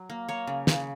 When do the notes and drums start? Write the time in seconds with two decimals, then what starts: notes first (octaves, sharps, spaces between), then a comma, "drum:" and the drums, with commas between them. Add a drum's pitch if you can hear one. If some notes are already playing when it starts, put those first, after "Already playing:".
Already playing: F#3
0.10 A#3
0.29 A#3 C#5
0.47 C#3
0.67 C#3, drum: snare